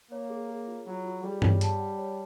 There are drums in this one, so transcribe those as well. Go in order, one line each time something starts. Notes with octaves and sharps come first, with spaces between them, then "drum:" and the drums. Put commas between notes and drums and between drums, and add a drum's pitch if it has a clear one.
A#3 C#5
G#4
G#4
F4
F#3 F4
F4
G3 G#4
C#5, drum: tom G2
A5, drum: hi-hat
F#5
C#5